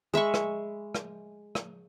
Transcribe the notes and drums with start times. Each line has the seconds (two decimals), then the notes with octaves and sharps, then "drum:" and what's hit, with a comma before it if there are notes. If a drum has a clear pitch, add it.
0.14 G#3 E5 B5 C#6
0.34 drum: rim click
0.95 drum: rim click
1.55 drum: rim click